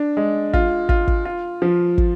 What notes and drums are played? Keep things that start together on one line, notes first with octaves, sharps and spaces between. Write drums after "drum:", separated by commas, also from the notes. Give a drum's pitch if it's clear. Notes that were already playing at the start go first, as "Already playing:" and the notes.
Already playing: D4
G#3
F4, drum: kick
F4, drum: kick
drum: kick
F4
F3
drum: kick